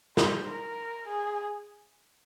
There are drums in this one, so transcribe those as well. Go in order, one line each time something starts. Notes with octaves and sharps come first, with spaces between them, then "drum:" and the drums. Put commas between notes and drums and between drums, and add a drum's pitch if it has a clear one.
C5, drum: snare
A#4
G#4